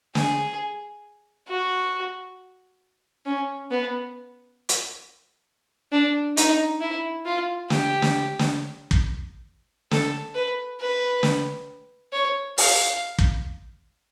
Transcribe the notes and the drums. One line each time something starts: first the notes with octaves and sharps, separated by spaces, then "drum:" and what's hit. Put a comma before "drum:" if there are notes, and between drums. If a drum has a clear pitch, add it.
G#4, drum: snare
F#4
C#4
B3
drum: hi-hat
D4
D#4, drum: hi-hat
E4
F4
G4, drum: snare
drum: snare
drum: snare
drum: kick
A4, drum: snare
B4
B4
drum: snare
C#5
F5, drum: open hi-hat
drum: kick